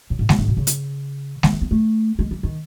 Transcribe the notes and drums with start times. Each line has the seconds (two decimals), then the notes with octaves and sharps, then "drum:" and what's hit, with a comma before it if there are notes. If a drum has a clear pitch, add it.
0.10 A2
0.19 G#2
0.29 F#2, drum: snare G#3
0.39 G#2
0.48 B2
0.57 C#3
0.67 drum: hi-hat
1.43 D#3, drum: snare G#3
1.53 C#4
1.61 B3
1.71 A3
2.19 G#3
2.31 E3
2.43 D#3